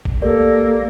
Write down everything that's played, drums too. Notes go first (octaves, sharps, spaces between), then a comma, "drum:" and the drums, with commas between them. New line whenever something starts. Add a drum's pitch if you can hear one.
drum: kick A1
A#3 G4 A4 A#4 D5